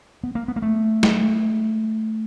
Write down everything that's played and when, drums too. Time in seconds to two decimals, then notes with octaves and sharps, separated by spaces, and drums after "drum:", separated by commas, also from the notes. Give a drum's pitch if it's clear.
0.23 B3
0.35 A#3
0.48 B3
0.56 A#3
0.62 A3
1.03 drum: snare